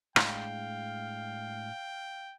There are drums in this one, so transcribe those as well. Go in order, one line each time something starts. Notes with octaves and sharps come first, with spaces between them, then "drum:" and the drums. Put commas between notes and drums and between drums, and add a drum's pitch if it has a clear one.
A2 G#3 D4 F5 G5, drum: rim click